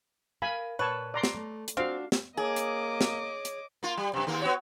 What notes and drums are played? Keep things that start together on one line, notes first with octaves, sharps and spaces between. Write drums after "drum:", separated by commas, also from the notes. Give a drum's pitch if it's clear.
A#4 F5 G#5 B5
A#2 B4 C#5 A5
D5 A#5 C6
drum: snare
A3
drum: hi-hat
C4 D4 F4 F#4 F5
drum: snare
A#3 G#4 C#5 D#5 D6
drum: hi-hat
drum: snare
drum: hi-hat
A#3 F4
G3
F#2 C3
D#2 A#3 A#4
B3 F#4 C#5